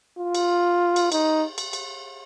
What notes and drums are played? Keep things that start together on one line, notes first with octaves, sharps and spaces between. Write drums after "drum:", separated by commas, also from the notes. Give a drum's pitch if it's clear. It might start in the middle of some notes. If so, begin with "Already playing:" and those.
F4
drum: cymbal
drum: cymbal
D#4, drum: cymbal
drum: cymbal
drum: cymbal